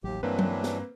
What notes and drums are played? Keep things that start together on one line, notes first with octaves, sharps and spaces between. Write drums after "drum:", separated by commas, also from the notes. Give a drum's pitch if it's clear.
A1 D#2 F#3 G4
G2 E3 F#3 A#3 C4 D4 B4
drum: tom F#3
drum: snare